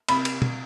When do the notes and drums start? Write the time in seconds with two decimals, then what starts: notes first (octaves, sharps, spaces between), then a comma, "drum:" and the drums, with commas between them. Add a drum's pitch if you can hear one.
0.09 C3 B5, drum: cymbal
0.25 drum: cymbal
0.42 drum: tom